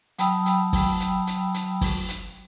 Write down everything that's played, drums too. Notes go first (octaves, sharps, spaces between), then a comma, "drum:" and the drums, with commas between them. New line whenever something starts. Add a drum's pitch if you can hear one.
F#3 G5 A5 B5 D#6 E6, drum: hi-hat
drum: hi-hat
drum: kick G1, open hi-hat
drum: hi-hat
drum: hi-hat
drum: hi-hat
drum: kick G1, open hi-hat
drum: hi-hat